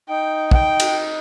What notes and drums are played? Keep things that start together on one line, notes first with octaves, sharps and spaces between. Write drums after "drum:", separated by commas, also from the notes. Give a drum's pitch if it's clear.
D#4 G5
G5, drum: kick
drum: cymbal